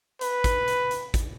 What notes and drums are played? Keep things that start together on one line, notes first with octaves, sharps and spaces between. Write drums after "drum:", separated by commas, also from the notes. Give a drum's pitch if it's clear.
B4, drum: hi-hat
drum: kick, hi-hat
drum: hi-hat
drum: hi-hat
drum: kick, hi-hat